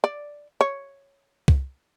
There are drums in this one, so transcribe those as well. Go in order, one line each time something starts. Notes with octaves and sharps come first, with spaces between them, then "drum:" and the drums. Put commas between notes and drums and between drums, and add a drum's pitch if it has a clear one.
D5
C#5
drum: kick C2